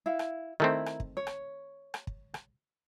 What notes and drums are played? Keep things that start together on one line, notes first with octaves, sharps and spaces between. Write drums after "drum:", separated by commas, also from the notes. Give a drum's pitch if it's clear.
E4 F5
drum: rim click
D#3 A3 C4 E4 A#4
drum: rim click
drum: kick
C#5
drum: rim click
drum: rim click
drum: kick
drum: rim click